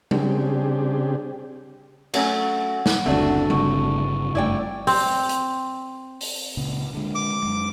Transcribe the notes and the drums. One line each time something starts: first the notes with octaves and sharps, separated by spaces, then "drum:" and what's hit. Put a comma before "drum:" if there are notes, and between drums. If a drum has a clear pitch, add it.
C#3 C4 D4 G4 G#4, drum: tom G3
F#3 A3 C#4 F#5, drum: cymbal
drum: snare
F#1 D2 A3 C4 D4 F#4
G1 C#3 C4 C#6, drum: tom G3
F#1 G2 A3 E4 D5 G5
C4, drum: open hi-hat
drum: hi-hat
drum: open hi-hat
C#2 A#2 C#3
D3 G#3
D6
F#2 G#3